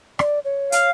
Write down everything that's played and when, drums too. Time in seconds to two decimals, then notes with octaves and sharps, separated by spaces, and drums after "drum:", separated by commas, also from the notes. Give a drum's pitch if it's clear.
0.19 D5, drum: rim click
0.45 C#5
0.72 F5, drum: hi-hat